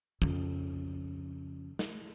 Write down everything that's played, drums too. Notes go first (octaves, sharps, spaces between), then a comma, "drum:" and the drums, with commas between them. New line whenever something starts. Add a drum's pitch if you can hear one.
F2 C#3, drum: kick
drum: snare